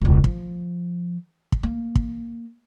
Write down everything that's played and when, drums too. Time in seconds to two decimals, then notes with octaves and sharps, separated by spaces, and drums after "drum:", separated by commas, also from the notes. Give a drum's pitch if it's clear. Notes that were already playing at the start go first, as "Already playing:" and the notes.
0.01 E1 C#2
0.24 F3, drum: kick
1.52 drum: kick
1.63 A#3
1.95 drum: kick